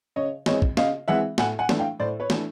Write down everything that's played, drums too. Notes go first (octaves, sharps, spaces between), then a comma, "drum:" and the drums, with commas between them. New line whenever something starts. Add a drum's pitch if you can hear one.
C#3 C#5 D#5
E3 G#3 C4 C#5 D#5, drum: snare
drum: kick
C#3 D#5 F5, drum: snare
E3 G#3 C4 E5 F#5
A2 F#5 G#5, drum: snare
F#5 G#5
E3 A3 D4, drum: snare
F5 G5
A2 C5 D5
B4 C#5
E3 A3 D4, drum: snare